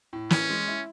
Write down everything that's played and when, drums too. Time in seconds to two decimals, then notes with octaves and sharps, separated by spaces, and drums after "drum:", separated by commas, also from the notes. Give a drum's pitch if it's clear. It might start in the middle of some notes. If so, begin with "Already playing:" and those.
0.13 A2
0.30 E3 C#4, drum: snare
0.50 G#3
0.68 E4